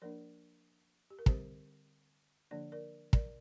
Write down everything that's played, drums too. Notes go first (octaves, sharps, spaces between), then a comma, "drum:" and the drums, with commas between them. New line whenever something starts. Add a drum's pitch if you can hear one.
F3 A#3 D4 A#4 D5
G4
A#4
D3 G3 C4 G4 C5, drum: kick
D3 F3 A#3 D4 D5
A#4 D5
A#4 D5, drum: kick